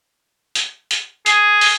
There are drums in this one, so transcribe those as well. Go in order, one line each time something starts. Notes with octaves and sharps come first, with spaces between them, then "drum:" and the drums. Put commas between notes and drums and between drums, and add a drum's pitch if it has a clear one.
drum: hi-hat
drum: hi-hat
G#4, drum: hi-hat
drum: open hi-hat